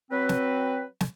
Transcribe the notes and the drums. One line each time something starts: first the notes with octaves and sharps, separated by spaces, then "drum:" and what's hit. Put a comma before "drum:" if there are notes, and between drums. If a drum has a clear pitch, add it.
F#3 C4 B4
drum: snare
drum: snare